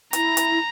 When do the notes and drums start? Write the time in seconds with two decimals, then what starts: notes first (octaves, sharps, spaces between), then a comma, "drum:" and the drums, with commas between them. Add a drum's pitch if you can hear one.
0.13 E4 A#5, drum: hi-hat
0.37 drum: hi-hat